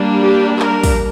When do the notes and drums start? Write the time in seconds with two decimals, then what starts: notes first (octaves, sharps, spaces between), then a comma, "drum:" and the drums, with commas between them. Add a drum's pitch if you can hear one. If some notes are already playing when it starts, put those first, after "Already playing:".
Already playing: G3 A#3 D4
0.22 G4
0.59 A#4, drum: clap
0.83 drum: kick, open hi-hat